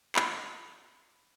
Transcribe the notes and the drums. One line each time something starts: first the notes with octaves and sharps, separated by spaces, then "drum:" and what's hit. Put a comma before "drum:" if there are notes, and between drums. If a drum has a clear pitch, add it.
B5, drum: clap